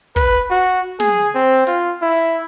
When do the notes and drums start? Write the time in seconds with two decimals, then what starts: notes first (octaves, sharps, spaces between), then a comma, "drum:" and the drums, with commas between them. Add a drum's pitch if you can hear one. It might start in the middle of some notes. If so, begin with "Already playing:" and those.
0.16 B4, drum: kick
0.51 F#4
1.00 G#4, drum: snare
1.35 C4
1.67 F4, drum: hi-hat
2.02 E4